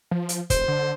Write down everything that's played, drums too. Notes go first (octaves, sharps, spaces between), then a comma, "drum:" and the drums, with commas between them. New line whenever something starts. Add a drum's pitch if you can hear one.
F3
drum: hi-hat
E1 C5, drum: kick, hi-hat
D3